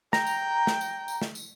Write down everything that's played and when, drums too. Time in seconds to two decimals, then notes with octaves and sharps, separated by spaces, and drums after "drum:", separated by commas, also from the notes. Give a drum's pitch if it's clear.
0.13 G5 A#5, drum: snare
0.27 drum: tambourine
0.67 drum: snare
0.81 drum: tambourine
1.08 drum: tambourine
1.22 drum: snare
1.35 drum: tambourine